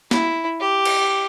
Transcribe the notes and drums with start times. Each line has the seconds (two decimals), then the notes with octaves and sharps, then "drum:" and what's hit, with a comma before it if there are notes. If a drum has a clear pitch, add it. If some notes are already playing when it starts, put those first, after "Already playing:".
0.11 E4, drum: snare
0.60 G4
0.85 drum: cymbal